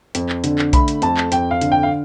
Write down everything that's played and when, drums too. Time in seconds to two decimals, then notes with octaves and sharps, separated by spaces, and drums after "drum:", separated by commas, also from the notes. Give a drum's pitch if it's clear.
0.15 F2, drum: hi-hat
0.29 drum: clap
0.44 D3, drum: hi-hat
0.59 drum: clap
0.73 A3 B5, drum: kick B1, hi-hat
0.88 drum: hi-hat
1.02 F2 A5, drum: hi-hat
1.17 drum: clap
1.32 F2 G5, drum: hi-hat
1.51 F5
1.61 D3, drum: hi-hat
1.72 G5
1.83 F5